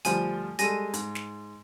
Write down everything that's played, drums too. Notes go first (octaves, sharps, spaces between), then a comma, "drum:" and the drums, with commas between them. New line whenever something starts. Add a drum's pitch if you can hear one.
D2 F3 G3 G#5, drum: hi-hat
G3 G#3 A4 G#5 A#6 D#7, drum: hi-hat
G#2, drum: hi-hat
drum: snare